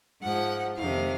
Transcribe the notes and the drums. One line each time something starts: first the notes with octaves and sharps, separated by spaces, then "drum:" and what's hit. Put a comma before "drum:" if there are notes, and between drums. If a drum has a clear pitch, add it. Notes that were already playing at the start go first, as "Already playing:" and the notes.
G#2 F3 F#5
F2 C3 D#3 F5, drum: tom